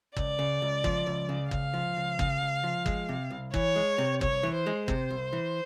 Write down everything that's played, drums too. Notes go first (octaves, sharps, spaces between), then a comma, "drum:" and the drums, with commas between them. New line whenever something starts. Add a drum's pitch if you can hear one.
C#2 D5, drum: kick
C#3
C#2
F3, drum: kick
C#2
C#3
C#2 F5, drum: kick
F3
C#2
C#3, drum: kick
C#2
F3
G#3, drum: kick
C3
C2
E3 C#5, drum: kick
G#3
C3
C2 C#5, drum: kick
E3
C5
G#3
C3 C5, drum: kick
C2
E3